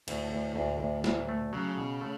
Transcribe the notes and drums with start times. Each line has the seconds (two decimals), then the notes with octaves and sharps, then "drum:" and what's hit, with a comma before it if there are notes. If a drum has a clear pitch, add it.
0.08 D2 A2, drum: cymbal
0.32 D2
0.56 D2
0.80 D2
1.04 D2, drum: snare
1.29 A3
1.52 C#3 F#3
1.77 B2
2.01 A3